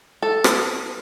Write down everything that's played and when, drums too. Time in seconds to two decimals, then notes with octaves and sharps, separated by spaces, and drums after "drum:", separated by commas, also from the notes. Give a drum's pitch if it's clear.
0.23 A4
0.44 drum: rim click